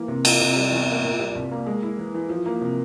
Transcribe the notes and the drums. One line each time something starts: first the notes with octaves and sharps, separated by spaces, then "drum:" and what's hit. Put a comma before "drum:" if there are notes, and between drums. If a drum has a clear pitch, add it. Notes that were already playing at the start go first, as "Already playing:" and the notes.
Already playing: E3 A#3
C3
F4, drum: cymbal
C3
G3
E2
A#3
A#2
G3
C2
A#3
G#3
E4
E3
E3
F3
A#3
C3